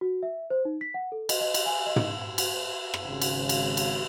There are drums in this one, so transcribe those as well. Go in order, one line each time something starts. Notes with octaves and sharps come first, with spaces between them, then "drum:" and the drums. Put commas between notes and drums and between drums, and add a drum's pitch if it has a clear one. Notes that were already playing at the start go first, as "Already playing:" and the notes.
F#4
E5
C5
D#4
B6
F#5
A4
D#5, drum: cymbal
D#5
drum: cymbal
G#5
D#5
drum: tom
drum: cymbal
drum: rim click
G#1 C#3
drum: cymbal
drum: cymbal
drum: cymbal